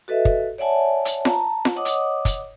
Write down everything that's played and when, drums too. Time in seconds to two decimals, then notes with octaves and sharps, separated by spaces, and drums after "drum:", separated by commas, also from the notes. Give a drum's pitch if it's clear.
0.08 F#4 A4 B4 D#5 E5
0.25 drum: kick
0.58 C#5 D5 E5 F#5 G#5 A5
1.05 drum: hi-hat
1.25 A5 A#5, drum: snare F4
1.65 drum: snare F4
1.76 C#5 D#5 F#5 D6 D#6
1.85 drum: hi-hat
2.25 drum: kick, hi-hat